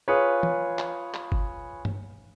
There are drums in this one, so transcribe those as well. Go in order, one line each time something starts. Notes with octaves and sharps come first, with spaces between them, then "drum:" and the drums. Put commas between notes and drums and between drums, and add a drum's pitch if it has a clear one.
F4 G#4 B4 C#5
drum: tom
drum: clap
drum: clap
drum: kick F#1
drum: tom G2